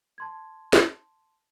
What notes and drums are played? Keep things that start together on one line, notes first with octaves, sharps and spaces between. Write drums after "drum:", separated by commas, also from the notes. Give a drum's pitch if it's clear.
A5 C6 G#6
drum: snare